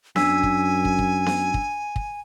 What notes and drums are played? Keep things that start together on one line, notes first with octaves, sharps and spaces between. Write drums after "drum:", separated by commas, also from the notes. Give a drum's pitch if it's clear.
F#2 D4 G#5 E6 B6, drum: snare B3
drum: kick
drum: kick
drum: kick
drum: snare B3
drum: kick
drum: kick